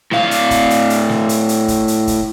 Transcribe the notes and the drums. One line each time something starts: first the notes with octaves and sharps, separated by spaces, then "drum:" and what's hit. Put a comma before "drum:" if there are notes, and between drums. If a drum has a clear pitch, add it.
A2 F5, drum: snare
drum: hi-hat
drum: kick, hi-hat
drum: hi-hat
drum: hi-hat
drum: snare
drum: hi-hat
drum: hi-hat
drum: kick, hi-hat
drum: hi-hat
drum: kick, hi-hat